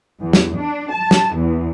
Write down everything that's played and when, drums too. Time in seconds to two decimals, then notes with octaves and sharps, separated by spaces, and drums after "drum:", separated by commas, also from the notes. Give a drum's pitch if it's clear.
0.21 E2
0.33 drum: snare
0.57 D4
0.92 A5
1.11 drum: snare
1.35 E2